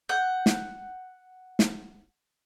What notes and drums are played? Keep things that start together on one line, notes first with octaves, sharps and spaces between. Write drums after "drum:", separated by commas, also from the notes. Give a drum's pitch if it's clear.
F#5 G6
drum: snare
drum: snare